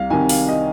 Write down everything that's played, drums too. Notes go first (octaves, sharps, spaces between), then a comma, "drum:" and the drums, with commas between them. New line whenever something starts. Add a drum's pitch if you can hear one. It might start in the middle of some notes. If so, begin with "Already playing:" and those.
Already playing: C2 F5
C3 D#3 G#5
F5, drum: open hi-hat
D#5